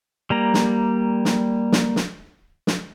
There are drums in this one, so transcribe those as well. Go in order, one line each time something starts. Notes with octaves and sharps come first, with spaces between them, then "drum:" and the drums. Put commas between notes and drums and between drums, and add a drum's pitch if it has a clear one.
G3 A#3 A#5
drum: snare
drum: snare
drum: snare
drum: snare
drum: snare